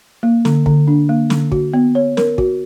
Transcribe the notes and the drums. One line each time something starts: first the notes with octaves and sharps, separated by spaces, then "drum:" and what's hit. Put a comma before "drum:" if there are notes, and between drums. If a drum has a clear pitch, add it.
A#3
D3, drum: snare
D3, drum: kick
D4
A#3
D3, drum: snare
F#4, drum: kick
B3
C#5
A#4, drum: snare
F#4, drum: kick